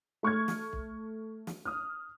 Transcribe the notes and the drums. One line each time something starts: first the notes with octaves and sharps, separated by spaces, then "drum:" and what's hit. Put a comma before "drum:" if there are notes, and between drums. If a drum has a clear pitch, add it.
A3 C#6 F6 G#6
drum: snare
drum: kick
drum: snare
D#6 F6